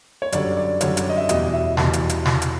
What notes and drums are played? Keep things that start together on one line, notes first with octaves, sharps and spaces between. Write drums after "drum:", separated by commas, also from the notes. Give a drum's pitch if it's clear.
C#5
F#2 D3 G3 D5, drum: hi-hat
D5
F#2 D3 G3 C#5, drum: hi-hat
drum: hi-hat
D#5
E5
E2 B2 G3 D#5, drum: hi-hat
E5
E2 B2 G3 A5, drum: snare
drum: hi-hat
drum: hi-hat
drum: snare
drum: hi-hat